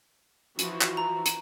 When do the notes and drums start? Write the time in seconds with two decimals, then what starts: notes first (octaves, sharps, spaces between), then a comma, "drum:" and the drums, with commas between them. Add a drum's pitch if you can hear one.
0.59 E3 F3 F#4, drum: hi-hat
0.81 drum: clap
0.97 A#5
1.26 drum: hi-hat